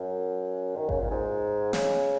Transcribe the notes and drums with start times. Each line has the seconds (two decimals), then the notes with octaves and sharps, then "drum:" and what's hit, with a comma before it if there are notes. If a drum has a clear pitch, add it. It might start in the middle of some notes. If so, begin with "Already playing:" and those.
Already playing: F#2
0.77 D#3
0.89 C#3, drum: kick G#1
1.00 A#2
1.11 G#2
1.73 C#3, drum: snare